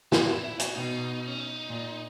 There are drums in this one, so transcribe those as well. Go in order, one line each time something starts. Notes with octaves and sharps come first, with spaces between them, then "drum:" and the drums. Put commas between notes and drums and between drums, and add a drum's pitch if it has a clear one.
A#2 F#4, drum: snare
E4
E4
F#4, drum: hi-hat
B2 D#4
C#4
D#4
A#2